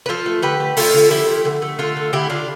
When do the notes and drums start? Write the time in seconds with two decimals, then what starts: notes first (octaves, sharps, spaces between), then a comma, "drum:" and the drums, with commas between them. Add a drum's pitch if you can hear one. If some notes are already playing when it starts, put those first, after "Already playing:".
0.06 B4
0.09 F3 F4 A4
0.26 A3
0.42 D3 G4 B4
0.60 A3
0.77 A3 F4 A4, drum: open hi-hat
0.94 D3
1.11 F3 E4 G4
1.28 A3
1.45 D3
1.62 A3
1.79 D3 F4 A4
1.97 A3
2.13 D3 E4 G4
2.30 D3 D4 F4